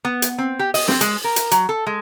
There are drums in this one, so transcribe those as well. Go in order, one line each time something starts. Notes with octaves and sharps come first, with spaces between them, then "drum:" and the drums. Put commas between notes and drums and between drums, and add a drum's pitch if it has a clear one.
B3
drum: hi-hat
C4
G4
D#5, drum: open hi-hat
C4, drum: snare
G#3, drum: hi-hat
A#4
drum: hi-hat
F#3, drum: hi-hat
A4
G#3